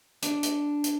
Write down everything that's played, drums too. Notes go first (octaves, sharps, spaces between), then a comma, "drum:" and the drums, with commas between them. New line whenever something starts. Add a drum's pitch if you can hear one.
D4, drum: hi-hat
drum: hi-hat
drum: hi-hat